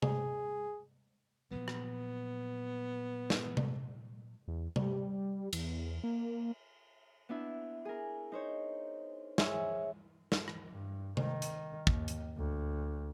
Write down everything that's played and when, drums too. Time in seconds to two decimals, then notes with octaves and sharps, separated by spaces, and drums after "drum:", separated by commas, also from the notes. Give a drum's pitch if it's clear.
0.02 G#4, drum: tom C3
1.51 A#2 F3 F#3 B3
1.68 drum: rim click
3.30 drum: snare
3.57 drum: tom C3
4.48 E2
4.76 G3, drum: tom C3
5.53 E2, drum: cymbal
6.04 A#3
7.29 B3 D4 E4
7.85 G#4 A#4
8.32 D#4 C5 C#5
9.38 G#4 C#5 E5, drum: snare
10.32 drum: snare
10.48 drum: rim click
10.68 G2
11.17 D#3, drum: tom C3
11.42 drum: hi-hat
11.87 D#2, drum: kick
12.08 drum: hi-hat
12.37 D2